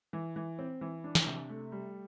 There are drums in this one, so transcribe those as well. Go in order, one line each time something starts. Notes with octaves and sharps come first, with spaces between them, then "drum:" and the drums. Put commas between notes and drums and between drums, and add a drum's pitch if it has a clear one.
E3
E3
C4
E3
D4
drum: snare
C3
A3
G3